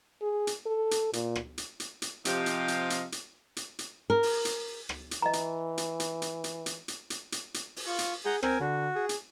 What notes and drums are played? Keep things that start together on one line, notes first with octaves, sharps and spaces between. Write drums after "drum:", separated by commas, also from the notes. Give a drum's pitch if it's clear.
G#4
drum: hi-hat
A4
drum: hi-hat
A#2, drum: hi-hat
drum: rim click
drum: hi-hat
drum: hi-hat
drum: hi-hat
C3 F3 G4 D#5 F5, drum: hi-hat
drum: hi-hat
drum: hi-hat
drum: hi-hat
drum: hi-hat
drum: hi-hat
drum: hi-hat
A#4
drum: open hi-hat
drum: hi-hat
drum: rim click
drum: hi-hat
E3 D#5 A#5
drum: hi-hat
drum: hi-hat
drum: hi-hat
drum: hi-hat
drum: hi-hat
drum: hi-hat
drum: hi-hat
drum: hi-hat
drum: hi-hat
drum: hi-hat
drum: open hi-hat
F4 C#6
drum: hi-hat
G#4 F#5 A#5 G6
C4 A#4 G#5, drum: rim click
D3 F#4
G#4
drum: hi-hat